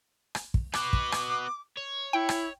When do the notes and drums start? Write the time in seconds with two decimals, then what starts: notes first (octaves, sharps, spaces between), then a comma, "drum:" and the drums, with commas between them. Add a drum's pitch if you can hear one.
0.35 drum: rim click
0.54 drum: kick
0.74 B3 F#4 D6, drum: rim click
0.93 drum: kick
1.12 drum: rim click
1.77 C#5
2.13 E4 G5
2.29 drum: rim click